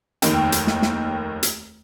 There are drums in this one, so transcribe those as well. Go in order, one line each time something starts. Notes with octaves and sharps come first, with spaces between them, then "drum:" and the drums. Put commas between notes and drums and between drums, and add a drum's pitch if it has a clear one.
F1 D#2 D#3 G5, drum: hi-hat
drum: hi-hat
drum: snare
drum: snare
drum: hi-hat